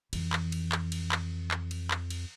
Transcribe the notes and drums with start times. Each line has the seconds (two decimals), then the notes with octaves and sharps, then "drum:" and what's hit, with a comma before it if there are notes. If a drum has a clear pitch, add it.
0.13 F2 E3, drum: cymbal
0.33 drum: clap
0.52 drum: cymbal
0.72 drum: clap
0.92 drum: cymbal
1.12 drum: clap
1.51 drum: clap
1.71 drum: cymbal
1.91 drum: clap
2.10 drum: cymbal